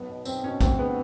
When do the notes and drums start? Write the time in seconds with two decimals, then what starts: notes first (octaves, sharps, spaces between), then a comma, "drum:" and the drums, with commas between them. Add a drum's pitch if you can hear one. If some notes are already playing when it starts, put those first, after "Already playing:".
Already playing: B1 B3
0.09 B2
0.25 B1 C4, drum: tambourine
0.43 B2 C#4
0.61 D2 C4, drum: kick, tambourine
0.79 D3 B3